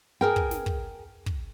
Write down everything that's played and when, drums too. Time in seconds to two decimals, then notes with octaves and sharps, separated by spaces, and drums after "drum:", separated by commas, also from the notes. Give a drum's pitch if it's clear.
0.21 G#4 A#4 G5
0.36 drum: kick
0.51 drum: snare
0.66 drum: kick
1.26 drum: kick